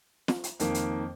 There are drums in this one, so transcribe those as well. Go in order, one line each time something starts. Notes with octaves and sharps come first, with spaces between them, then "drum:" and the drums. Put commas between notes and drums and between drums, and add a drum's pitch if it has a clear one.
drum: snare
drum: hi-hat
F2 D#3 A#3, drum: hi-hat
drum: hi-hat